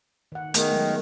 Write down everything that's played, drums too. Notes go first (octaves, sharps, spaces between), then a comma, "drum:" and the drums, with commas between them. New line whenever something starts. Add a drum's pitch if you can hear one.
D#3 F#5
D#3 A3 B3 G#4, drum: hi-hat
F#3 G#3